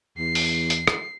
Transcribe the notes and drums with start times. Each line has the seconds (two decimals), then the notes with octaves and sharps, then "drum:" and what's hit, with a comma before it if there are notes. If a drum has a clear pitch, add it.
0.18 E2 C7
0.35 drum: open hi-hat
0.70 drum: hi-hat
0.87 drum: rim click